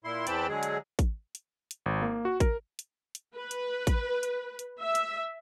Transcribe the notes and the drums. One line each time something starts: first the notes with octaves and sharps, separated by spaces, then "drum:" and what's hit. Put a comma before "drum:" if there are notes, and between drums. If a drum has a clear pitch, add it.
A#2 E4 C6
E2 E3 C4 G5 A5 B5, drum: hi-hat
D3 F#3 G#3 G#4
drum: hi-hat
drum: kick, hi-hat
drum: hi-hat
drum: hi-hat
G#1
A#3
F#4
A#4, drum: kick, hi-hat
drum: hi-hat
drum: hi-hat
B4
drum: hi-hat
drum: kick, hi-hat
drum: hi-hat
drum: hi-hat
E5
drum: hi-hat